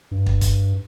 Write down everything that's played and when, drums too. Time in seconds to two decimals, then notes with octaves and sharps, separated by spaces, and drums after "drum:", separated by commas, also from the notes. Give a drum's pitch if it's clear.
0.11 G2
0.26 drum: kick
0.41 drum: kick, hi-hat